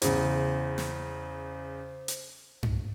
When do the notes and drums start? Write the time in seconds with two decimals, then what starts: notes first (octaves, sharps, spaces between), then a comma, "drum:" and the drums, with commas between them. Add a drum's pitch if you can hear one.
0.02 E2 C#3 C5, drum: hi-hat
0.78 drum: snare
2.08 drum: hi-hat
2.63 drum: tom G2